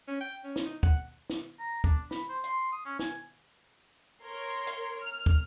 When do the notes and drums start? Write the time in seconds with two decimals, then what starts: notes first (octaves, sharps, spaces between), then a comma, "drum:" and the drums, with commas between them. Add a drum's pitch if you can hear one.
0.08 C#4
0.21 G5
0.44 C#4
0.56 drum: snare
0.65 D#4
0.83 F#5, drum: kick
1.30 drum: snare
1.59 A#5
1.84 D4, drum: kick
2.11 B5, drum: snare
2.29 C5
2.44 C6, drum: hi-hat
2.72 D#6
2.86 C#4
2.99 G#5, drum: snare
4.23 A#4 C#5 C6
4.67 drum: hi-hat
5.01 F6
5.26 drum: kick